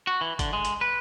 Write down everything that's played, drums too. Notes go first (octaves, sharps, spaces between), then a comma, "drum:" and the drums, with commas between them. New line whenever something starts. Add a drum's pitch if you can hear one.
F#4
E3
D3, drum: kick G1, hi-hat
G#3
drum: hi-hat
B4